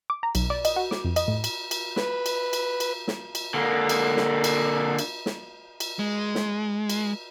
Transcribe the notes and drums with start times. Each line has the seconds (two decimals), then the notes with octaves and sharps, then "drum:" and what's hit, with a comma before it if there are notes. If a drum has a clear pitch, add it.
0.10 D6
0.23 A#5
0.35 B1, drum: cymbal
0.50 D5
0.65 D#5, drum: cymbal
0.76 F#4
0.91 D6, drum: snare
1.05 F2
1.16 D#5, drum: cymbal
1.28 A2
1.44 drum: cymbal
1.71 drum: cymbal
1.96 B4, drum: snare
2.26 drum: cymbal
2.53 drum: cymbal
2.80 drum: cymbal
3.08 drum: snare
3.35 drum: cymbal
3.54 D3 A#3
3.89 drum: cymbal
4.17 drum: snare
4.44 drum: cymbal
4.99 drum: cymbal
5.26 drum: snare
5.80 drum: cymbal
5.99 G#3
6.35 drum: snare
6.90 drum: cymbal